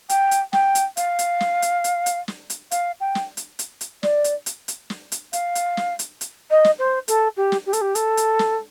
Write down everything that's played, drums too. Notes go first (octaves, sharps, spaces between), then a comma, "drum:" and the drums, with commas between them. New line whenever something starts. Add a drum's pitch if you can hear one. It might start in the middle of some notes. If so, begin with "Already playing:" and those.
G5, drum: hi-hat
drum: hi-hat
G5, drum: snare
drum: hi-hat
F5, drum: hi-hat
drum: hi-hat
drum: snare
drum: hi-hat
drum: hi-hat
drum: hi-hat
drum: snare
drum: hi-hat
F5, drum: hi-hat
G5
drum: snare
drum: hi-hat
drum: hi-hat
drum: hi-hat
D5, drum: snare
drum: hi-hat
drum: hi-hat
drum: hi-hat
drum: snare
drum: hi-hat
F5, drum: hi-hat
drum: hi-hat
drum: snare
drum: hi-hat
drum: hi-hat
D#5
drum: snare
C5
A4, drum: hi-hat
G4
drum: snare
G4
A4, drum: hi-hat
G4
A4, drum: hi-hat
drum: hi-hat
drum: snare